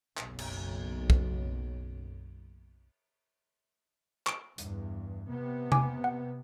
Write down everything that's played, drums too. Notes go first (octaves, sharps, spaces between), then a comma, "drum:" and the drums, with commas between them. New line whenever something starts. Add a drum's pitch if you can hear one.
F#1 B1, drum: clap
drum: cymbal
drum: kick
C#6 D7, drum: clap
E2 G2, drum: hi-hat
C3 B3
G#5 D6, drum: tom C3
F#5